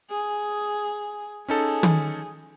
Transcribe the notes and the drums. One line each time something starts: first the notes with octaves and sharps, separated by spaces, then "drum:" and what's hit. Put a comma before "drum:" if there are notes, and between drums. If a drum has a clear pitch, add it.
G#4
C#4 D#4 G#4 A4
drum: tom